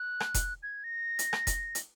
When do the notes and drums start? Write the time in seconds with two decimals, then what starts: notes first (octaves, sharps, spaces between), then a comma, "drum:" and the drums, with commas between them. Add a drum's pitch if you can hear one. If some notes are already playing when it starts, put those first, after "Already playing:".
Already playing: F#6
0.20 drum: rim click
0.34 drum: kick F1, hi-hat
0.63 G#6
0.84 A#6
1.19 drum: hi-hat
1.33 drum: rim click
1.47 drum: kick F1, hi-hat
1.75 drum: hi-hat